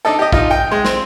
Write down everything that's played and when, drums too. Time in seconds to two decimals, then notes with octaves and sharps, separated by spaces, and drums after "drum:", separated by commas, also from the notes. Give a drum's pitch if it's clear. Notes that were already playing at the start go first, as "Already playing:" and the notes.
0.05 D4 D#4 A4
0.19 G4 D#5
0.32 D#4 F4, drum: kick
0.51 G5
0.71 G#3
0.85 C4, drum: snare